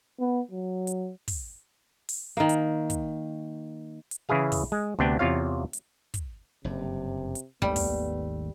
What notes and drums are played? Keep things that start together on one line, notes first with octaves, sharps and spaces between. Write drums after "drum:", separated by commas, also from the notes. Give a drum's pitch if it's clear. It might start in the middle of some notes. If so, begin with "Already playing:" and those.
B3
F#3
drum: hi-hat
drum: kick, open hi-hat
drum: open hi-hat
D#3 A#3
drum: hi-hat
drum: kick, hi-hat
drum: hi-hat
C#3 E3 E4 G#4 F5
drum: kick, open hi-hat
G#3
D2 C3 B3 D4 G5
E2 C3 F4 C#5 F5
drum: hi-hat
drum: kick, hi-hat
F#1 G2 C3
drum: hi-hat
G#1 D#2 G3 A3 B3
drum: kick, open hi-hat